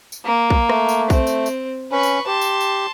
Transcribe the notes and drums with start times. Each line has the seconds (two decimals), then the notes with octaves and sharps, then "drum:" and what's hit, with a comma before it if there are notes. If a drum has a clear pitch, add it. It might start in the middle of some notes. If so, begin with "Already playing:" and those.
0.12 drum: tambourine
0.25 A#3
0.50 drum: kick
0.69 A3, drum: rim click
0.89 drum: tambourine
1.10 C4, drum: kick, tambourine
1.27 drum: tambourine
1.46 drum: tambourine
1.91 C#4 B4 C#6
2.03 drum: tambourine
2.27 G4 A5 C6
2.41 drum: tambourine
2.61 drum: tambourine